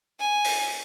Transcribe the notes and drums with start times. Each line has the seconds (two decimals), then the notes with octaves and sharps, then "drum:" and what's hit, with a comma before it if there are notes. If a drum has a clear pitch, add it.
0.20 G#5
0.45 drum: open hi-hat